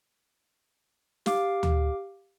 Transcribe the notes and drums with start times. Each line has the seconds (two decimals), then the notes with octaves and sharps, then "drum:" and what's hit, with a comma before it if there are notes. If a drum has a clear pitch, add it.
1.26 G4 F5 D6, drum: snare
1.63 drum: tom D2